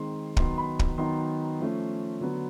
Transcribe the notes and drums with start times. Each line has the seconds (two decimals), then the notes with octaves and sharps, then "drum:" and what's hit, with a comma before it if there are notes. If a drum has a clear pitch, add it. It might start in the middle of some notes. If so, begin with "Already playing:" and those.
Already playing: D#3 G#3 C4 D#4 C6
0.37 D#3 F#3 B3 D#4 C6, drum: kick
0.58 B5
0.79 drum: kick
0.98 D#3 F#3 B3 D#4 C6
1.60 F3 A3 C#4
2.21 D3 F#3 B3